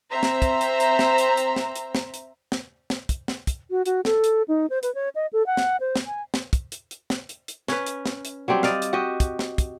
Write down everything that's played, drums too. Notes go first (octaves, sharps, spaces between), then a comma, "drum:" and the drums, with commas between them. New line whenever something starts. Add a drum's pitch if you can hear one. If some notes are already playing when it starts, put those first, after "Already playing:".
C4 C5 E5 A#5
drum: snare
drum: kick, hi-hat
drum: hi-hat
drum: hi-hat
drum: snare
drum: hi-hat
drum: hi-hat
drum: snare
drum: hi-hat
drum: snare
drum: hi-hat
drum: snare
drum: snare
drum: kick, hi-hat
drum: snare
drum: kick, hi-hat
F#4
F#4, drum: hi-hat
A4, drum: snare
drum: hi-hat
D#4
C5
B4, drum: hi-hat
C#5
D#5
A4
F#5
drum: snare
C5
drum: snare
G#5
drum: snare
drum: kick, hi-hat
drum: hi-hat
drum: hi-hat
drum: snare
drum: hi-hat
drum: hi-hat
C#4 B4, drum: snare
drum: hi-hat
drum: snare
drum: hi-hat
F#3 G3 C4 G4
D5 D#5 F5, drum: snare
drum: hi-hat
F#4 G4 D#5
drum: kick, hi-hat
drum: snare
drum: kick, hi-hat